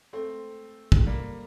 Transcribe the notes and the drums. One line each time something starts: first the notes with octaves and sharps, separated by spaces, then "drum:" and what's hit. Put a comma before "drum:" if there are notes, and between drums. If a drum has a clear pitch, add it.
A3 C4
drum: kick
G3 A#3